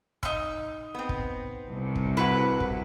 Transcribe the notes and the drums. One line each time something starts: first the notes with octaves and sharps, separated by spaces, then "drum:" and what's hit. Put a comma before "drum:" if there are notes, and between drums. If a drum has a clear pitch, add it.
D#4 E6, drum: kick
B3 C4
drum: kick
C2 C3
drum: kick
E4 F#4 B4 F#5
drum: kick